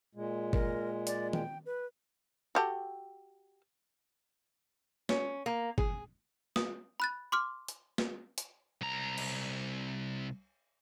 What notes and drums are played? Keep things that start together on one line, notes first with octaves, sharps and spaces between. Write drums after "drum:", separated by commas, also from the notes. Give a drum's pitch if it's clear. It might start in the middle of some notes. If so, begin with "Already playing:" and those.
A#2 G#3
A#4, drum: kick G1
D5, drum: hi-hat
G5, drum: tom
B4
F#4 G4 A4
C#4, drum: snare
A#3
G#4, drum: kick G1
D#6, drum: snare
B5 F#6 A6
C6 D6 F6
drum: hi-hat
drum: snare
drum: hi-hat
C2 A#5
drum: cymbal